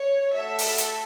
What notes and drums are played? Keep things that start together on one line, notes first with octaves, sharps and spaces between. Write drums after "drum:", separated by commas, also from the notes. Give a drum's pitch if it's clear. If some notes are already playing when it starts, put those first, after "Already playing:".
Already playing: C#5
A3 F#4 A4 E5
drum: open hi-hat
drum: hi-hat